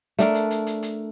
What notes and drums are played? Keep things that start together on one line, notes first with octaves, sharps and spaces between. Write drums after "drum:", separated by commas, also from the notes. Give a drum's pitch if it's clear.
A3 D4 A#4, drum: hi-hat
drum: hi-hat
drum: hi-hat
drum: hi-hat
drum: hi-hat